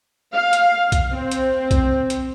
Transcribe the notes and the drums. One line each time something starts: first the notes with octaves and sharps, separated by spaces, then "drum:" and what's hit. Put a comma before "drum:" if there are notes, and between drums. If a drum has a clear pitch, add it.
F5
drum: hi-hat
drum: kick B1, hi-hat
C4
drum: hi-hat
drum: kick B1, hi-hat
drum: hi-hat